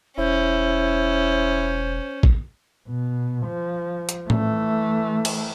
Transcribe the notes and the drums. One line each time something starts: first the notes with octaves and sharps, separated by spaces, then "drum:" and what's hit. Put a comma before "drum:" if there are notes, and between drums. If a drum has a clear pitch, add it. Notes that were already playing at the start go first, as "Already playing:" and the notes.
E1 C#4 E4 C5
drum: kick
B2
F3
drum: hi-hat
E3 A3, drum: tom A2
drum: cymbal